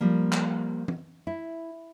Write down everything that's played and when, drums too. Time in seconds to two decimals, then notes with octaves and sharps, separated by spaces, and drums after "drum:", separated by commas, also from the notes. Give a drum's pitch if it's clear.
0.01 F3 G3 A#3
0.33 drum: clap
0.88 drum: tom E3
1.27 E4